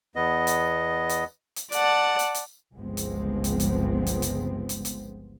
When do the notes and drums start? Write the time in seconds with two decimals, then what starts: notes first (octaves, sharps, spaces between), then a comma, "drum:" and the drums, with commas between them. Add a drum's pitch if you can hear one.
0.16 E2 B3 D#5
0.47 drum: hi-hat
1.09 drum: hi-hat
1.56 drum: hi-hat
1.72 D5 F#5 A5, drum: hi-hat
2.19 drum: hi-hat
2.35 drum: hi-hat
2.77 G1 C#2 F3 G#3 B3 C4
2.97 drum: hi-hat
3.44 drum: hi-hat
3.60 drum: hi-hat
4.07 drum: hi-hat
4.22 drum: hi-hat
4.69 drum: hi-hat
4.85 drum: hi-hat